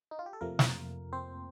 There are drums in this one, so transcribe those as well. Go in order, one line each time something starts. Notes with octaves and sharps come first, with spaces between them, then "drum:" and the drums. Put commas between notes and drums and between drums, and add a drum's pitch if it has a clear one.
D#4
F4
G4
A4
F2 C3 F3 A3 A#3 A#4
drum: snare
C4 C5